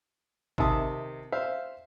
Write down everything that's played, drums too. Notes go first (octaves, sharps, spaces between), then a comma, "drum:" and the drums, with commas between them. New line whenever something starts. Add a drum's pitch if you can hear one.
C3 D#3 E5 A5 D#6, drum: kick G#1
C5 E5 F5